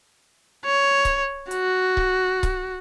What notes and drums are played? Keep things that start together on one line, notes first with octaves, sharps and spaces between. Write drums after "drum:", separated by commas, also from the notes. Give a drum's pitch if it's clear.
C#5
drum: kick C#1, hi-hat
F#4, drum: hi-hat
drum: kick C#1
drum: kick C#1, hi-hat